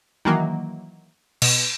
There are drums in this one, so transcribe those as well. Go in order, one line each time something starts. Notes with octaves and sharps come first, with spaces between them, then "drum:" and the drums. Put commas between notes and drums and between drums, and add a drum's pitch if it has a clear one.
D#3 E3 F#3 A#3
B2, drum: cymbal